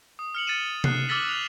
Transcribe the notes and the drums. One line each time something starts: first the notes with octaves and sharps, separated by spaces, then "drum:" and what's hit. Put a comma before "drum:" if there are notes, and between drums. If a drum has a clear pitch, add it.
D#6
F6 C#7 F#7
A6 C#7 D#7 E7
F#6 C7, drum: tom C3
D6 E6 F6 A6 B6 F#7
F#6 B6 F7